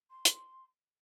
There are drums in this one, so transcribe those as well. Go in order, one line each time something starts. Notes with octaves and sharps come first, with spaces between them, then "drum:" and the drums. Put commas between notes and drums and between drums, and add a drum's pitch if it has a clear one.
C6
drum: hi-hat